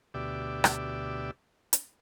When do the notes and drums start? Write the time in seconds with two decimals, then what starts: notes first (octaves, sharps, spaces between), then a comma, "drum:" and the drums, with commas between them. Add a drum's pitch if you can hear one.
0.14 D2 B2 G4 D5 E5
0.64 drum: rim click
1.73 drum: hi-hat